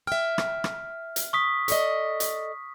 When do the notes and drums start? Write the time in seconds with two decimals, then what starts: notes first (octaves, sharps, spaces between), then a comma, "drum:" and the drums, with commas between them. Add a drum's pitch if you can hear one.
0.07 E5 G5 F6
0.38 drum: rim click
0.64 drum: rim click
1.16 drum: hi-hat
1.33 C#6 D#6 B6
1.68 A4 D5 D#5, drum: hi-hat
2.20 drum: hi-hat